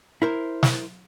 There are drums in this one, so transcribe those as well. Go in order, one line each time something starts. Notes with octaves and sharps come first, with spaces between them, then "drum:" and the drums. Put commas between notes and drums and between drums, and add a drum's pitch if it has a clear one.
E4 A#4 C5
drum: snare